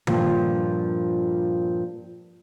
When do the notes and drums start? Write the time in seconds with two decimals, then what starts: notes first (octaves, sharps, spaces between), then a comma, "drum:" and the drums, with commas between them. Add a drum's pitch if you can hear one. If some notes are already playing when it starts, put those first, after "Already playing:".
0.07 G2 A#2 F3, drum: tom D#3